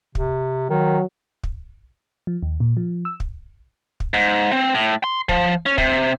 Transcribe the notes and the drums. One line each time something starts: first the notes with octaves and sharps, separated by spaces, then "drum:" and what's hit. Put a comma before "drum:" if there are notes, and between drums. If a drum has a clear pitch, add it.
C3, drum: kick
D#3 F#3
drum: kick
F3
D#2
A#2
F3
E6
drum: kick
drum: kick
G#2
C4
A2
C6
F3, drum: kick
C#4
C3, drum: kick